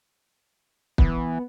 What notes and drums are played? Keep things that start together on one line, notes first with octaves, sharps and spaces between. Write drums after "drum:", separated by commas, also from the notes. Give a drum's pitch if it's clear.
E3 B3, drum: kick